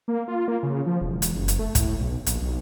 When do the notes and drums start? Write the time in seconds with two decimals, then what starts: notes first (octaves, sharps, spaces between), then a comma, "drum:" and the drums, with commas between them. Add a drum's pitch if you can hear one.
0.08 A#3
0.28 F4
0.48 A#3
0.63 C#3
0.86 F3
1.01 E1
1.22 drum: hi-hat
1.35 F#1
1.48 drum: hi-hat
1.59 A3
1.75 A2, drum: kick, hi-hat
2.00 B1
2.26 A#1, drum: hi-hat
2.41 B1